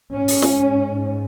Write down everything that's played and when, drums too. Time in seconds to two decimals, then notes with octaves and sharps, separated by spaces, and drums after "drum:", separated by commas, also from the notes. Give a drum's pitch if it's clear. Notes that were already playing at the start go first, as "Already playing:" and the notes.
0.13 G#2 C#4
0.28 drum: open hi-hat
0.42 drum: snare